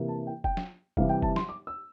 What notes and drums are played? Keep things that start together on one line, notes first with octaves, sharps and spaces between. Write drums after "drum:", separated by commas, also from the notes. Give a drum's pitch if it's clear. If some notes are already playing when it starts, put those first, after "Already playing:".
Already playing: C3 E3 A#3
A5
G5
G5, drum: kick
drum: snare
C3 E3 G3 F5, drum: kick
G5
A5, drum: kick
C6, drum: snare
D6
E6